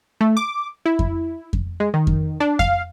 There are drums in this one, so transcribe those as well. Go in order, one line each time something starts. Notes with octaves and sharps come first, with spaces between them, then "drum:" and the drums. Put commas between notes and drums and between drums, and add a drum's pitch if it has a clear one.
A3
D6
E4
drum: kick F2
drum: kick F2
G#3
D#3
drum: kick F2
D4
F5, drum: kick F2